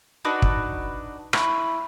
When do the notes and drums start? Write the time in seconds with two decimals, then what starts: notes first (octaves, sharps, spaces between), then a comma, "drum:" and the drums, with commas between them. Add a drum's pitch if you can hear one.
0.25 D4 D#4 F#4 B4
0.42 drum: kick
1.33 E4 B5 C#6, drum: rim click